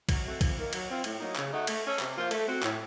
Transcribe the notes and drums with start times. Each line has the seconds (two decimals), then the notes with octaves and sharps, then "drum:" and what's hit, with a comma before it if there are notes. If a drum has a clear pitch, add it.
0.09 F#3, drum: kick, cymbal
0.25 A3 C4 F#4 A4
0.41 F2, drum: kick, cymbal
0.56 D#3 A#3
0.73 F#3, drum: cymbal
0.88 C4 F4
1.04 A2, drum: cymbal
1.20 F#3 A#3 D#4
1.36 C#3, drum: clap
1.52 A3 D#4 F#4
1.67 A3, drum: cymbal
1.83 C#4 A4 C#5
1.99 C3, drum: clap
2.15 F3 A#3 F4 C5
2.31 A3, drum: cymbal
2.47 C4 F#4
2.63 A2, drum: clap